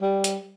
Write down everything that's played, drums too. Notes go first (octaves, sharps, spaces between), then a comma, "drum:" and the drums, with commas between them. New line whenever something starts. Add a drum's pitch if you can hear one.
G3
drum: hi-hat